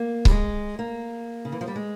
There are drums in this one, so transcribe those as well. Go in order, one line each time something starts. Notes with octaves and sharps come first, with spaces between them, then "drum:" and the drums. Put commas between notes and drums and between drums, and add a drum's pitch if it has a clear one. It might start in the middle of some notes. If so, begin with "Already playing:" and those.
Already playing: A#3
G3, drum: kick C#1
G#3
A#3
C#3
E3
F3
G3
G#3